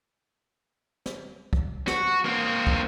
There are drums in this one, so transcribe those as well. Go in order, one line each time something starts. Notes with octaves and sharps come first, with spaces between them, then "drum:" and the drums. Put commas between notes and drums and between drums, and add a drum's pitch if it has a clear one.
drum: snare
drum: kick
F#4, drum: snare
A#3 C4
drum: kick